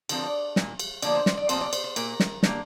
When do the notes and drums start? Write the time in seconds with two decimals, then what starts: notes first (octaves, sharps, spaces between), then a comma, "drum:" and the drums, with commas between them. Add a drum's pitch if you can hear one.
0.09 D3 F3 C4 A#4, drum: cymbal
0.26 D5
0.56 A#2 A#3, drum: snare
0.79 drum: cymbal
1.02 D3 F3 A#3 D5, drum: cymbal
1.15 C5
1.26 C5, drum: snare
1.37 D5
1.49 A#2 F3 C4 C5, drum: cymbal
1.61 D5
1.73 C5, drum: cymbal
1.84 C5
1.96 A#2 A#3 A#4, drum: cymbal
2.20 drum: snare
2.43 D3 A#3 G4, drum: snare